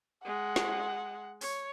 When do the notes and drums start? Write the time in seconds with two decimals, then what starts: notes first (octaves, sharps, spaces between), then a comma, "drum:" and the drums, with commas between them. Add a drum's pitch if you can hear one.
0.25 G#3 F#5
0.56 drum: snare
1.41 C#5, drum: open hi-hat